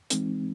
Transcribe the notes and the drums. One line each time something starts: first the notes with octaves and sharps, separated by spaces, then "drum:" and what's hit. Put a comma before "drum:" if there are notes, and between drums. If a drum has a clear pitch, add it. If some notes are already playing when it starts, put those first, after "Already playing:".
E3 G#3 C4 D#4, drum: hi-hat